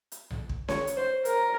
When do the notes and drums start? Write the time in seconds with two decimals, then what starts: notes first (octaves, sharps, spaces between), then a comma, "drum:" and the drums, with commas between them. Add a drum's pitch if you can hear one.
0.12 drum: hi-hat
0.31 drum: tom B1
0.49 drum: kick
0.68 C#5, drum: snare C#4
0.87 drum: hi-hat
0.97 C5
1.25 A#4, drum: hi-hat